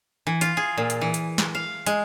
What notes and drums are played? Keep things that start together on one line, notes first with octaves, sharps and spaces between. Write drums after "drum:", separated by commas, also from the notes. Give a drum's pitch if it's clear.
E3
F4, drum: hi-hat
G#4
A#2
drum: hi-hat
E3
drum: hi-hat
drum: snare
F5
G#3, drum: hi-hat